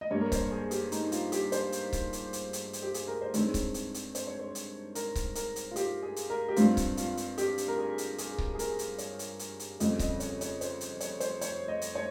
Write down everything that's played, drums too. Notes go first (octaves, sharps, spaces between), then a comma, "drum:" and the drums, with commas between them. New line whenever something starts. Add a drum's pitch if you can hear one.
D#5
G2 G3 A#3 C#5
A#4
C5, drum: kick C#1, hi-hat
G#4
G4, drum: hi-hat
D#4, drum: hi-hat
F4, drum: hi-hat
G4, drum: hi-hat
C5, drum: hi-hat
drum: hi-hat
drum: kick C#1, hi-hat
drum: hi-hat
drum: hi-hat
drum: hi-hat
drum: hi-hat
G4
G#4, drum: hi-hat
A#4
C5
G2 D#3 G#3 C4 C#5, drum: hi-hat
drum: kick C#1, hi-hat
drum: hi-hat
drum: hi-hat
C5, drum: hi-hat
C#5
C5
drum: hi-hat
A#4, drum: hi-hat
drum: kick C#1, hi-hat
A#4, drum: hi-hat
drum: hi-hat
F4
G4, drum: hi-hat
G#4
drum: hi-hat
A#4
G4
G2 G3 C4 F4, drum: hi-hat
drum: kick C#1, hi-hat
F4, drum: hi-hat
drum: hi-hat
G4, drum: hi-hat
drum: hi-hat
A#4
G#4
drum: hi-hat
G#4, drum: hi-hat
drum: kick C#1
G#4
A#4, drum: hi-hat
drum: hi-hat
C#5, drum: hi-hat
drum: hi-hat
drum: hi-hat
drum: hi-hat
F2 C#3 G3 C4 D#5, drum: hi-hat
D#5, drum: kick C#1, hi-hat
C#5, drum: hi-hat
C#5, drum: hi-hat
C5, drum: hi-hat
drum: hi-hat
C#5, drum: hi-hat
C5, drum: hi-hat
C#5, drum: hi-hat
D#5
drum: hi-hat
C#5